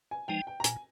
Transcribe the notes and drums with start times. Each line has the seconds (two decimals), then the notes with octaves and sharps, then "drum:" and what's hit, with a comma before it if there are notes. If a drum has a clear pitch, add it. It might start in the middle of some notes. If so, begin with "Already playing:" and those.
0.11 G#5
0.28 F3 G#3 D#4 G5
0.47 G5
0.60 A#5
0.64 A#2 G#5, drum: hi-hat